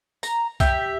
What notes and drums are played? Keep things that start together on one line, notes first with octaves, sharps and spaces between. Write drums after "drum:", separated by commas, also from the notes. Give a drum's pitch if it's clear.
A#5, drum: tambourine
G4 E5, drum: kick, tambourine